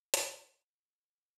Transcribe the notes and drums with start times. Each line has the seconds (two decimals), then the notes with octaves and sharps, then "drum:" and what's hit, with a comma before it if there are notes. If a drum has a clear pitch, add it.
0.14 F#5, drum: hi-hat